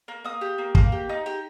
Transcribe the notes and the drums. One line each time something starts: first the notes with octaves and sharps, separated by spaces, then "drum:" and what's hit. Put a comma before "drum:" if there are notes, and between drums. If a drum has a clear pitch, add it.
A#3
A#3 D#6
G4
A#3
A#3, drum: kick
G4
D#4
G4